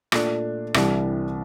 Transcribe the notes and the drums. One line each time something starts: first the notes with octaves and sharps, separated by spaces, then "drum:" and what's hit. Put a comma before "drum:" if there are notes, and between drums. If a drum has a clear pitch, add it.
A#2 A3 D4, drum: rim click
C2 C3 E3 G3 D4, drum: rim click